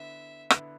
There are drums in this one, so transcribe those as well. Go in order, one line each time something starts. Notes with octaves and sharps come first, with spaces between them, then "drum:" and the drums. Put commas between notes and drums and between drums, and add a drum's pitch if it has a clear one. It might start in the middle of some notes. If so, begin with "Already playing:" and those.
Already playing: D3 B3 E4 E5
D3 B3 E4, drum: rim click